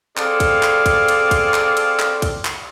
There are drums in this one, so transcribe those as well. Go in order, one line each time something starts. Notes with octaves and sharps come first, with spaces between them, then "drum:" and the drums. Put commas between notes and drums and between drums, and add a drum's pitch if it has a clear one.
C4 G#4 A4 D5 F5, drum: clap
drum: kick, cymbal
drum: clap
drum: kick, cymbal
drum: cymbal
drum: kick, cymbal
drum: clap
drum: cymbal
drum: clap
drum: kick, cymbal
drum: clap